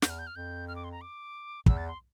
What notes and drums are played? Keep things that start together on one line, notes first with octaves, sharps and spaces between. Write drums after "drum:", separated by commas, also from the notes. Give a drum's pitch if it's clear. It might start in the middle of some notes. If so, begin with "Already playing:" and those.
E2 G6, drum: snare
F6
G6
F6
F2 G6
F6
D6
C6
A#5
D6
E2 E6, drum: kick
A6
C6